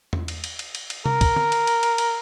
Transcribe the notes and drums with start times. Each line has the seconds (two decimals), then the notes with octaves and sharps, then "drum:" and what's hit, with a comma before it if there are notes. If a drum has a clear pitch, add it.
0.13 drum: tom E2
0.28 drum: cymbal
0.44 drum: cymbal
0.59 drum: cymbal
0.75 drum: cymbal
0.90 drum: cymbal
1.06 A#4, drum: tom C3
1.21 drum: kick, cymbal
1.36 drum: tom D3
1.52 drum: cymbal
1.67 drum: cymbal
1.83 drum: cymbal
1.98 drum: cymbal